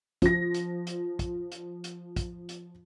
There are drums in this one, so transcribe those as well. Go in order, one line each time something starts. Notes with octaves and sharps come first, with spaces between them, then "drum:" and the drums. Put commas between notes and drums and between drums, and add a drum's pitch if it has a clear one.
F3 A#6, drum: kick, hi-hat
drum: hi-hat
drum: hi-hat
drum: kick, hi-hat
drum: hi-hat
drum: hi-hat
drum: kick, hi-hat
drum: hi-hat